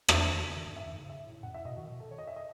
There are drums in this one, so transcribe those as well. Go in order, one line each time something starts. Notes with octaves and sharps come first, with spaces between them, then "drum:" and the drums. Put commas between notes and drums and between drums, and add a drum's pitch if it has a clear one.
E3 E5, drum: rim click
D#3
C#3
D#3
G#2
F#2 E5
G#2
C#3
E5
A2
F#2 F#5
A2 E5
B2 D#5
D#3 F#4
B2
A4
C#5
D#5
E5
D#5